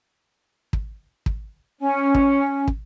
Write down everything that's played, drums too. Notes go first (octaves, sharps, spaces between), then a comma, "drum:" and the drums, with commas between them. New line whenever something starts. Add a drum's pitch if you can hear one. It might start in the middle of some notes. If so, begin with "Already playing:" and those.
drum: kick
drum: kick
C#4
drum: kick
drum: kick